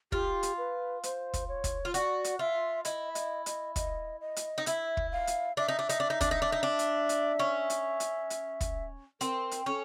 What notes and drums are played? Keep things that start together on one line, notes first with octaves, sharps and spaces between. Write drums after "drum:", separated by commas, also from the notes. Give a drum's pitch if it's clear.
F4 G4, drum: kick
drum: hi-hat
B4
C5, drum: hi-hat
drum: kick, hi-hat
C#5
drum: kick, hi-hat
F4
F#4 D5, drum: hi-hat
drum: hi-hat
F4 E5
E4 D#5, drum: hi-hat
E5
D#5, drum: hi-hat
D#5, drum: hi-hat
D#5, drum: kick, hi-hat
D#5
drum: hi-hat
D#4
E4 E5, drum: hi-hat
drum: kick
F5
drum: hi-hat
D4 E5
D#4
D4
D#4, drum: hi-hat
D4
D#4
D4, drum: kick, hi-hat
D#4
D4
D#4
D4
drum: hi-hat
drum: hi-hat
C#4
drum: hi-hat
drum: hi-hat
drum: hi-hat
drum: kick, hi-hat
C4 A#4, drum: hi-hat
drum: hi-hat
C#4 A4